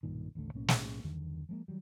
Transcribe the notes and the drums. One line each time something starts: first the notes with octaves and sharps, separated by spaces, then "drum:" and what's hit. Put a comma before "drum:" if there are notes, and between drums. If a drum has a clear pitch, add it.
B1 G2 A#2 D#3
A1 D#2 D3 A3
B1 A2 A#3 C#4
drum: snare
E2 G2 D3 D#3
F3 G#3 A#3
D#3 F#3 G3